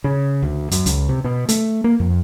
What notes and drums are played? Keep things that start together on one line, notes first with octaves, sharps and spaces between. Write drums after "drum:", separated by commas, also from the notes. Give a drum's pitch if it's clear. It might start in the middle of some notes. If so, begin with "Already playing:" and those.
C#3
D2
F#2, drum: hi-hat
C#2, drum: hi-hat
C3
B2
A3, drum: hi-hat
A#3
F2